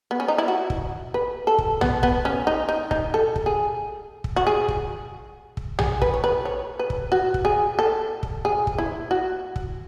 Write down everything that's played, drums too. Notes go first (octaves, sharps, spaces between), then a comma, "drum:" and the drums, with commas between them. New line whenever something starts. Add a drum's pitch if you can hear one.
B3
C#4
D#4
E4
F#4
drum: kick
B4
A4
drum: kick
B3, drum: tom A#1
B3, drum: kick
C#4
D#4
D#4
D#4, drum: kick
A4
drum: kick
G#4
drum: kick
F#4
G#4
drum: kick
drum: kick
G#4, drum: tom A#1
B4, drum: kick
C#5
B4
C#5
B4
drum: kick
F#4
drum: kick
G#4
A4
drum: kick
G#4
drum: kick
E4
F#4
drum: kick